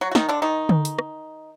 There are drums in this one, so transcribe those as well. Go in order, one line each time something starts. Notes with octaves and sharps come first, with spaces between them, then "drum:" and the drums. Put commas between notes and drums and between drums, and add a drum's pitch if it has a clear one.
F#3 F#4
F#4
D#3 D#4, drum: snare
D3 D4
D#3 D#4
drum: tom D3
drum: hi-hat
drum: rim click